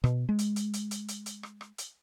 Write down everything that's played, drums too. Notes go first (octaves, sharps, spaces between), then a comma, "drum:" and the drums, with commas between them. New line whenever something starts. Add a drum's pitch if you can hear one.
B2, drum: rim click
G#3
drum: hi-hat
drum: hi-hat
drum: hi-hat
drum: hi-hat
drum: hi-hat
drum: hi-hat
drum: rim click
drum: rim click
drum: hi-hat